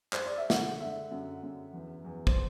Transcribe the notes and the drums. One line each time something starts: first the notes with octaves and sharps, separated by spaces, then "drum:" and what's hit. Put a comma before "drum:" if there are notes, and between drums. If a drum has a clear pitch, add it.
C5, drum: clap
D5
E5
D3 F#5, drum: snare
D3 E5
F#2
F#2
E2
E2
C5, drum: kick